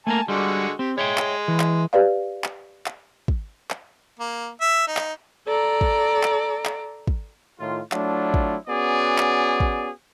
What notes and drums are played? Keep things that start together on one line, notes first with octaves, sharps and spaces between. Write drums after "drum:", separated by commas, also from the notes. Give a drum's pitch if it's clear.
A3 A#3 A#4 G#5 A5
D3 G3 G#3 F#4
C4 G4
G#3 C#5 E5 G5
drum: clap
E3
drum: clap
G4 B4 D5 F5
drum: clap
drum: clap
drum: kick
drum: clap
A#3
E5
D#4
drum: clap
A4 D5 A#5
drum: kick
drum: clap
drum: clap
drum: kick
A2 D#3 F4
F#3 A3 D4 E4 F4, drum: clap
drum: kick
B3 C#4 F#4 G#4 D5
drum: clap
drum: kick